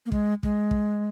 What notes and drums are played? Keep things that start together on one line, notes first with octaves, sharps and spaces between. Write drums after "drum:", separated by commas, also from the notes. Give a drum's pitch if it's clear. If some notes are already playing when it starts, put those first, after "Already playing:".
A#3
G#3, drum: kick
G#3, drum: kick
drum: kick